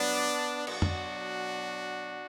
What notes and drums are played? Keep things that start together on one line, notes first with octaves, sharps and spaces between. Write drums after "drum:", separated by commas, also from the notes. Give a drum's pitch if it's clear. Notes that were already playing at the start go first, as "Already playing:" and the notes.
Already playing: G2 F#3 B3 D4
B2 F#3 D4 F#4, drum: cymbal
drum: tom F2